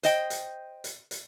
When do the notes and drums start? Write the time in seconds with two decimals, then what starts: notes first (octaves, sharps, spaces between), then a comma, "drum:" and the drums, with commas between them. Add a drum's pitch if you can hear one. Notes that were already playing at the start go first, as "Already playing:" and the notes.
0.03 C5 D#5 G5, drum: hi-hat
0.30 drum: hi-hat
0.84 drum: hi-hat
1.11 drum: hi-hat